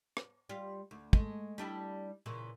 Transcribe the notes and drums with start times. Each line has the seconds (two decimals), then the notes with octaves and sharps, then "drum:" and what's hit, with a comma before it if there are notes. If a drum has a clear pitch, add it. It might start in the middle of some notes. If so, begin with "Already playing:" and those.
0.17 drum: rim click
0.49 G3 F4
0.91 D2
1.13 G#3 A3, drum: kick
1.58 G3 D4 E4
2.26 A#2 C#3 E3